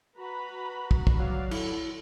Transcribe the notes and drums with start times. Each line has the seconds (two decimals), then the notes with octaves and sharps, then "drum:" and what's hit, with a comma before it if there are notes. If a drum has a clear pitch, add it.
0.18 F#4 B4 A#5 B5
0.91 drum: kick
1.07 drum: kick
1.20 F#3 D5 F5
1.51 E4 A4, drum: cymbal